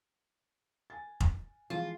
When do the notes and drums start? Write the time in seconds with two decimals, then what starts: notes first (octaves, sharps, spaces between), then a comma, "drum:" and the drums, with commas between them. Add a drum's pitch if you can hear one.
0.90 G#5 A6
1.20 drum: kick F1
1.70 E3 F3 G#3 F4